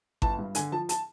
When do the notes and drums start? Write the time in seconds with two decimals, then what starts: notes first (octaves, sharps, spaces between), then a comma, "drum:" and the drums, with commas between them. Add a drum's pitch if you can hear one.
0.22 G1 A5, drum: kick G#1
0.39 G2
0.55 D3 G#5, drum: hi-hat
0.72 F3 A5
0.89 A5, drum: hi-hat